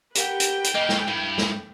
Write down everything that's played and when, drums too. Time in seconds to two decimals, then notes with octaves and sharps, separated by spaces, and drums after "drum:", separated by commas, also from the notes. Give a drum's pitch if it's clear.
0.15 G4 A#4 B4 F#5 G5, drum: hi-hat
0.40 drum: hi-hat
0.64 drum: hi-hat
0.75 C#3 A#3 D#5
0.89 drum: snare
1.08 G2 E4
1.38 drum: snare